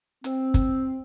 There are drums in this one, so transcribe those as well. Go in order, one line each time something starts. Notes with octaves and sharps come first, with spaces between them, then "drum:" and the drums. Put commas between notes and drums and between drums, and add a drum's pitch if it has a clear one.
C4, drum: hi-hat
drum: kick, hi-hat